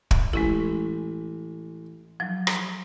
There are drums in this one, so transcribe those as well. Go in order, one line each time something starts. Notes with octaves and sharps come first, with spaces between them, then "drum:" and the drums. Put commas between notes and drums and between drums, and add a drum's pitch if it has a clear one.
drum: kick
A1 G#3 C#4 E4
F3 F#3
drum: rim click